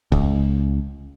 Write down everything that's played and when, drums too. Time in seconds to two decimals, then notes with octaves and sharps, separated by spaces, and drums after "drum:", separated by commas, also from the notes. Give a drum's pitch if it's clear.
0.12 C#2, drum: kick